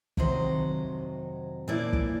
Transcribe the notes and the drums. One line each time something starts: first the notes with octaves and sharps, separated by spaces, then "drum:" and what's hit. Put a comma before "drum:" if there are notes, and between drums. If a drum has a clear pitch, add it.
F2 C3 D#3 F#3 C5, drum: kick
A#2 F3 A#3 C#4 E4 D5
drum: kick